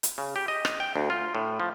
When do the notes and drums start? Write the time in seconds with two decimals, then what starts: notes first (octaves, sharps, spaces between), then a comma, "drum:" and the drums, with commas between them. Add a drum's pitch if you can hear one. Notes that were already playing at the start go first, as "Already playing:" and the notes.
0.03 drum: hi-hat
0.18 C#3
0.36 G4
0.48 D#5
0.65 drum: rim click
0.80 G5
0.96 D2
1.10 F4
1.35 A2
1.60 F3